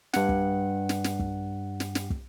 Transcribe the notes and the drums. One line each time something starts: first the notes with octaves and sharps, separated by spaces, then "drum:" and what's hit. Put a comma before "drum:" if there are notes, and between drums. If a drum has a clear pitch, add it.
G2 F#5, drum: snare
drum: kick
drum: snare
drum: snare
drum: kick
drum: snare
drum: snare
drum: kick